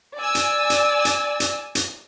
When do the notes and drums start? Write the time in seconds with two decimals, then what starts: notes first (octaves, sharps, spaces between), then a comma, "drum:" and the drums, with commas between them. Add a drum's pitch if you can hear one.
0.17 D5 G#5 E6
0.35 drum: hi-hat
0.70 drum: hi-hat
1.05 drum: hi-hat
1.40 drum: hi-hat
1.75 drum: hi-hat